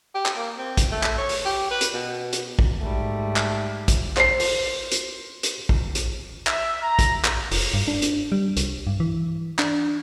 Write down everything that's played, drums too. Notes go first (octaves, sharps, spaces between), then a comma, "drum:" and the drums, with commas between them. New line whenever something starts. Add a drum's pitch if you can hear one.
G4
drum: clap
A#3
C4
drum: kick, hi-hat
A3
drum: clap
C#5
drum: open hi-hat
G4
B4
drum: hi-hat
B2
drum: hi-hat
drum: kick
G#2 G3 A3
drum: clap
drum: kick, hi-hat
C5 C7, drum: clap
drum: open hi-hat
drum: hi-hat
drum: hi-hat
drum: kick
drum: hi-hat
E5, drum: clap
A#5
drum: kick, hi-hat
drum: clap
F1, drum: open hi-hat
G2
D4
drum: hi-hat
G3
C2, drum: hi-hat
G2
E3
D4, drum: clap